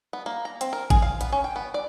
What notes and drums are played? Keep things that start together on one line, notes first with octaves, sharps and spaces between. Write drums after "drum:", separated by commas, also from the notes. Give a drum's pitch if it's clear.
B3
A#3
A#5
C4, drum: hi-hat
A#4
G#4, drum: kick G#1, hi-hat
F5
B3, drum: hi-hat
C#4
G5
B3
D5